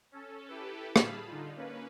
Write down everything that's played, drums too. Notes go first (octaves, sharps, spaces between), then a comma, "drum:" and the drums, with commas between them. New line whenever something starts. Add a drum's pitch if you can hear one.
C#4 A4
E4 G4 A4 B4
G3 G#4 F5 A5 B5, drum: rim click
D3 D#4 F4
A#3 C#4 B4